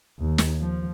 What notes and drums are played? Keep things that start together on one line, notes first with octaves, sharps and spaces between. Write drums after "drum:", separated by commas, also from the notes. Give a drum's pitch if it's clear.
D#2
drum: snare
F3